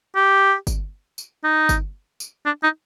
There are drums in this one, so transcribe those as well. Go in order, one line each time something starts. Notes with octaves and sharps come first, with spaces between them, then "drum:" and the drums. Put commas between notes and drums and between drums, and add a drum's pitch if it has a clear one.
G4
drum: kick G1, tambourine
drum: tambourine
D#4
drum: kick G1, tambourine
drum: tambourine
D4
D#4